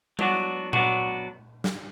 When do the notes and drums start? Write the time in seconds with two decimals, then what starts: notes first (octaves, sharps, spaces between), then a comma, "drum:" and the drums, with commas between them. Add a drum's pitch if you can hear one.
0.19 F#3 B3 D4 F#4, drum: tom G3
0.73 F#3 B3 D4 F#4, drum: tom A#2
1.64 drum: snare